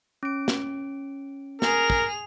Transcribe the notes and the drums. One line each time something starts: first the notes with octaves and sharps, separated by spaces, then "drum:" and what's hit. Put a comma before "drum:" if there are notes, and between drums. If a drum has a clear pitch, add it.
C#4 D7
drum: snare
G#4 A#4 F7, drum: snare
drum: kick